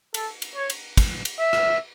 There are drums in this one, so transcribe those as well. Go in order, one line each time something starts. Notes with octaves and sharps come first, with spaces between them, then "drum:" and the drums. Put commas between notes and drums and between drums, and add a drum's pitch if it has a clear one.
A4, drum: cymbal
drum: cymbal
C#5
drum: cymbal
drum: kick, cymbal
drum: cymbal
E5
drum: rim click